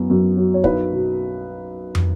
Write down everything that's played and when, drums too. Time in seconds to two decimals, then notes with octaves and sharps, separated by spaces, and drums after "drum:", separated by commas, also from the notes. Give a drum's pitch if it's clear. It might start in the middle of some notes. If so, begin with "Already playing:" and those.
Already playing: F#2 B3
0.10 F#2
0.37 F#3
0.54 C#5
0.64 B1 B4, drum: kick
0.92 B2
1.95 drum: tom